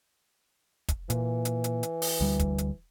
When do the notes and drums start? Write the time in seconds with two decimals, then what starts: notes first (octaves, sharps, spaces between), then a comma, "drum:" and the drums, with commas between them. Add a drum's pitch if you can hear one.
0.88 drum: kick, hi-hat
1.10 A#2 E3, drum: hi-hat
1.45 drum: hi-hat
1.64 drum: hi-hat
1.83 drum: hi-hat
2.02 drum: open hi-hat
2.21 D2 G3
2.39 drum: kick, hi-hat
2.58 drum: hi-hat